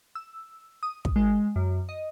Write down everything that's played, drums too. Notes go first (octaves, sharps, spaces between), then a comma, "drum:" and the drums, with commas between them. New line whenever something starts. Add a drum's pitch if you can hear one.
E6
D#6
drum: kick
G#3
F#2
D#5